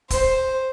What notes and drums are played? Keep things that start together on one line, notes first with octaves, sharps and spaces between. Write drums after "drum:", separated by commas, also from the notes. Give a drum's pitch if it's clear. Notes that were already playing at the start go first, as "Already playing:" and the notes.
C5, drum: kick, hi-hat